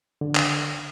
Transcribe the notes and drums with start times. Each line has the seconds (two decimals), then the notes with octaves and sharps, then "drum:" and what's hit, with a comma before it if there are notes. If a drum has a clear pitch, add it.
0.21 D3
0.35 drum: clap